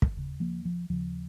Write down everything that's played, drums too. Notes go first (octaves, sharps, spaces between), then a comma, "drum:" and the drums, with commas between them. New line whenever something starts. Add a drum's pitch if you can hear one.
drum: kick
D#2 C#3
F3 A#3
F3
D#2 C#3 F3